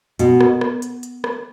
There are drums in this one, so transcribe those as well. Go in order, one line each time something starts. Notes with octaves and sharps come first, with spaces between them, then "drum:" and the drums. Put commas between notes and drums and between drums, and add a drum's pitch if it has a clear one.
B2, drum: hi-hat
drum: rim click
drum: rim click
drum: hi-hat
drum: hi-hat
drum: rim click